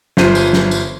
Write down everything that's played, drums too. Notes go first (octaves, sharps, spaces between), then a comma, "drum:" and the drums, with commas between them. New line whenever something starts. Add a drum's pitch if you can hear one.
G1 F4 C5 D#7, drum: snare
drum: tambourine
drum: snare
drum: tambourine